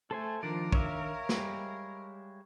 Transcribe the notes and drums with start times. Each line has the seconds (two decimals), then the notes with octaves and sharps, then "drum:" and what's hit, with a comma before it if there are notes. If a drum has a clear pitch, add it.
0.11 A3 A4 C5 G#5
0.43 D#3 F3 D4 A#4 D5
0.72 C#5 E5 F5, drum: kick
1.29 G3 G#3, drum: snare